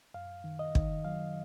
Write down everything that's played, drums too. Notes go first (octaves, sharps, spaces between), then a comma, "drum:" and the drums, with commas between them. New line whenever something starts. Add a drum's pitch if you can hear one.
F#2 F5
D#3
D#5
D#3, drum: kick
F#3 F5